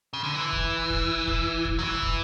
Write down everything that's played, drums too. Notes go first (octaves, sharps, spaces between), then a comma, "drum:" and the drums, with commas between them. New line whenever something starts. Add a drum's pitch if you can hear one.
C#3
D3
E3
drum: kick
drum: kick
drum: kick
drum: kick
F#3
E3
drum: kick